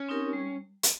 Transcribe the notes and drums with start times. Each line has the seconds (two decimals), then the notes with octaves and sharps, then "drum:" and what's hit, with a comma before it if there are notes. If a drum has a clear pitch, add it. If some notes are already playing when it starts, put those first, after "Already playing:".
Already playing: C#4
0.09 C4 D#4 G4 A#4
0.33 G3
0.83 drum: hi-hat